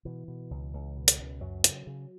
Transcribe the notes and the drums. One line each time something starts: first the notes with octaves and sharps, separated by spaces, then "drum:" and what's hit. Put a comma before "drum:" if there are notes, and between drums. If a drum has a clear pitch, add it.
B2 E3
B2
C#2
C#2
B2
drum: hi-hat
C#2
F#2 F#3
C#3, drum: hi-hat
C#3